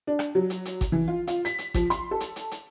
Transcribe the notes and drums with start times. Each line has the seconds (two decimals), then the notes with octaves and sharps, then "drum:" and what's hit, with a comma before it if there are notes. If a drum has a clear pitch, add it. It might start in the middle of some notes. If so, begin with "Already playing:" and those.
0.07 D4
0.19 drum: rim click
0.35 F#3
0.50 drum: hi-hat
0.65 drum: hi-hat
0.81 drum: kick G#1, hi-hat
0.92 E3
1.08 F4
1.27 F4, drum: hi-hat
1.45 B6, drum: hi-hat
1.58 drum: hi-hat
1.74 F3, drum: kick G#1, hi-hat
1.90 C6, drum: hi-hat
2.11 A4
2.20 drum: hi-hat
2.36 drum: hi-hat
2.51 drum: hi-hat